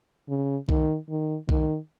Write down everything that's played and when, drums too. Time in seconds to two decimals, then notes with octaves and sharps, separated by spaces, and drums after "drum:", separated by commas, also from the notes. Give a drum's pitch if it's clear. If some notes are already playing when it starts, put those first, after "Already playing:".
0.29 C#3
0.69 D#3, drum: kick C2
1.09 D#3
1.49 D#3, drum: kick C2